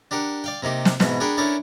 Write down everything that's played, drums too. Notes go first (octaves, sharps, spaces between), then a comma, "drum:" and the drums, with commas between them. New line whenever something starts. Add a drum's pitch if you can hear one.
D4 G4 A#4 F#5
D5 F5 G5
C3 A#3 D#4 G4
drum: snare
G#2 B2 E3, drum: snare
D4 G#4 A#4 F#5 G5 B5
C#4 D4 E4 A4 A#4 D5